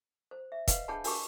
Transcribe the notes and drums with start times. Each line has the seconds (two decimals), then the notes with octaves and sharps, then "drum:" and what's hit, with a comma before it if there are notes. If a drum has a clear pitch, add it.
0.31 C5
0.52 E5
0.68 B4 D#5 F5 F#5, drum: kick, hi-hat
0.88 D4 G#4 C#5 F#5 A5 B5
1.04 D4 F#4 A#4 A5 C#6 D6, drum: open hi-hat